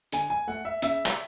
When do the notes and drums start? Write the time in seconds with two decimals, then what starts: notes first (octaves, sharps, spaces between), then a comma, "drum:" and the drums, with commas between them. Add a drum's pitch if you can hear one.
0.12 D3 G#5, drum: hi-hat
0.30 G#5
0.47 A3 F#5
0.65 E5
0.82 C#3 E5, drum: hi-hat
1.06 drum: clap